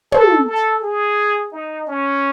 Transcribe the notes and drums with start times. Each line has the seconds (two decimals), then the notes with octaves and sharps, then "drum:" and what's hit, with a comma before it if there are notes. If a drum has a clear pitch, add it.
0.12 A4, drum: tom
0.46 A4
0.82 G#4
1.52 D#4
1.87 C#4